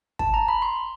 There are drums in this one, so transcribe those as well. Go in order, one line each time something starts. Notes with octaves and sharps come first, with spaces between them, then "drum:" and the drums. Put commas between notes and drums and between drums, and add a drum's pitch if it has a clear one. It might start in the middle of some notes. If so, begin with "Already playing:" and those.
A5, drum: kick
A#5
B5
C6